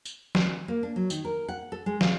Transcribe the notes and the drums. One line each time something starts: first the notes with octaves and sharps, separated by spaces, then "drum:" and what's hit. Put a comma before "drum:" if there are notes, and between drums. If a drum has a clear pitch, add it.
drum: tambourine
drum: snare
A#3
D4
F#3
D#3, drum: tambourine
A#4
F#5
A4
G#3
F5, drum: snare